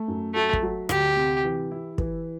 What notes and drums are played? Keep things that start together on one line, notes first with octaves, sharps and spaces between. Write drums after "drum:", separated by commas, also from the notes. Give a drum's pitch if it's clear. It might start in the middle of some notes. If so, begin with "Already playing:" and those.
Already playing: A3
F#2
F#3 A3
drum: kick
F#3
D2 G4, drum: rim click
C3
E3
E4
E3, drum: kick